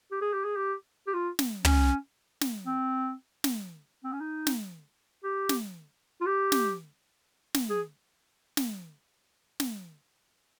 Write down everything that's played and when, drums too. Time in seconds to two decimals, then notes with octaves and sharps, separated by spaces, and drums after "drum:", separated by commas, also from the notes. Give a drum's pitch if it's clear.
0.11 G4
0.21 G#4
0.33 G4
0.44 G#4
0.56 G4
1.07 G4
1.13 F4
1.39 drum: snare
1.65 C#4, drum: tom
2.41 drum: snare
2.66 C4
3.44 drum: snare
4.04 C4
4.13 C#4
4.20 D#4
4.47 drum: snare
5.23 G4
5.49 drum: snare
6.21 F4
6.26 G4
6.52 drum: snare
7.54 drum: snare
7.70 G#4
8.57 drum: snare
9.60 drum: snare